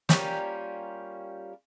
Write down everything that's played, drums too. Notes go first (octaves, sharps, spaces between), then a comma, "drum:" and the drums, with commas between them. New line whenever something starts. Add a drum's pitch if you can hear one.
G3 A#3 C#4 F4, drum: snare